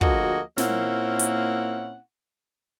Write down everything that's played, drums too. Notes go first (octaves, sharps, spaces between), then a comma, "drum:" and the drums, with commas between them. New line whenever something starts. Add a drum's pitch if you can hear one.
D2 F3 A#3 F#4 G#4 D#5, drum: kick
A#2 A#3 C4 C#4 E4 F#5, drum: snare
drum: hi-hat